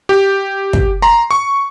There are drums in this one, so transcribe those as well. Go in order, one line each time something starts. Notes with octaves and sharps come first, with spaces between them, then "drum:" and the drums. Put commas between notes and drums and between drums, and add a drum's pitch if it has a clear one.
G4
drum: kick
A#5 C6
C#6